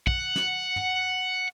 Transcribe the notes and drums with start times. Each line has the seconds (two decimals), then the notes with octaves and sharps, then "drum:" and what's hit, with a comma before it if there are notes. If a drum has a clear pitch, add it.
0.07 F#5, drum: kick
0.36 drum: snare
0.76 drum: tom